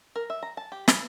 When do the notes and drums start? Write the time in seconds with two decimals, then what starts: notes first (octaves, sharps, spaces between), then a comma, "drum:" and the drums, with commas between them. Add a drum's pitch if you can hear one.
0.16 A#4
0.30 E5
0.43 A#5
0.57 A5
0.72 G4
0.88 B4, drum: snare